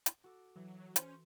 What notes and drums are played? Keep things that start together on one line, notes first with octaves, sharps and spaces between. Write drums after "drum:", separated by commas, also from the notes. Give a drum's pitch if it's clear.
drum: hi-hat
F#4 A4 D6
E3 F#3
C#4 C5, drum: hi-hat